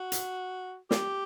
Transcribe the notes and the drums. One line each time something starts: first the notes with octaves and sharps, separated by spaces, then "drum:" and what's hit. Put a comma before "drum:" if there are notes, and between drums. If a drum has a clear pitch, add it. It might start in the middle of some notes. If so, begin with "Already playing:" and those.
Already playing: F#4
drum: hi-hat
G4, drum: snare